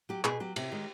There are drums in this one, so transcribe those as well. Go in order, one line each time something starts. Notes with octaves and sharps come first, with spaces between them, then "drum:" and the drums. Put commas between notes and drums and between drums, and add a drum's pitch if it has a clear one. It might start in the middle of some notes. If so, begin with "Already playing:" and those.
F#3 G4
B2 G#4, drum: clap
F#3 G4
C3 G4, drum: cymbal
D#3 G#3